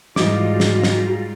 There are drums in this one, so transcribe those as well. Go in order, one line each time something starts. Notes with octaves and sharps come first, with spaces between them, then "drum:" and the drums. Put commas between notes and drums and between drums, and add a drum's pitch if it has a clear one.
G#2 E3 G3 F4 F#4 D#5 D6, drum: snare
drum: snare
drum: snare